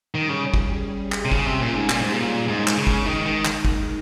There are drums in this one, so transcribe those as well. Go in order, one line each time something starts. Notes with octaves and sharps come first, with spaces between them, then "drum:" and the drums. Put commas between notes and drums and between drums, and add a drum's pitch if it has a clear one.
D#3 G3 C#4 G#4
C#3
drum: kick G1
drum: clap
C3
C#3, drum: kick G1
C3
A#2
G#2
A#2, drum: clap
G#2
A#2
G#2 G#3 D#4 A#4
drum: clap
C#3
drum: kick G1
D#3
D#3
drum: clap
drum: kick G1